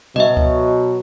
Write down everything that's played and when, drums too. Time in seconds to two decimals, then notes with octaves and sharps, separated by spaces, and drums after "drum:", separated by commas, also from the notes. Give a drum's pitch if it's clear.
0.16 B2 F#3 D#5 E5, drum: tom A#2
0.37 drum: kick C#2